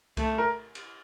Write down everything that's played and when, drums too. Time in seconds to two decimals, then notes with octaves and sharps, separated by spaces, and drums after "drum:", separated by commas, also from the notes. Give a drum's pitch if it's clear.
0.17 A3, drum: kick C2, cymbal
0.38 A#4
0.75 drum: cymbal